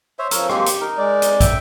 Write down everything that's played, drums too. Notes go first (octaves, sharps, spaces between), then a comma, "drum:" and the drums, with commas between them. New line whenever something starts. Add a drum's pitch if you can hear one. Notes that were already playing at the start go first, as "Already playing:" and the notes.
C5 C#5 E5
F3 A#4 C#5 E6, drum: hi-hat
G#3 A#3 C4 G4, drum: rim click
drum: hi-hat
D#4 A#4
G#3 D5
drum: hi-hat
E5 G5, drum: kick, hi-hat